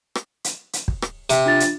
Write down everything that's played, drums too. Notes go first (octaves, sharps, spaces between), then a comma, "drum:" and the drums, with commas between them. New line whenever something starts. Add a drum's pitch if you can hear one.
drum: rim click
drum: hi-hat
drum: hi-hat
drum: kick
drum: rim click
C3, drum: hi-hat
D4 F4 A6
drum: hi-hat